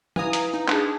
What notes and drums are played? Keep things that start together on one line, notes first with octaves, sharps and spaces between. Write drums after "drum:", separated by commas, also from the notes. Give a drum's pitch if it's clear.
E4 B4 F5 G#5 A#5 D#6, drum: tom F3
drum: hi-hat
D#4
D4 G#4, drum: clap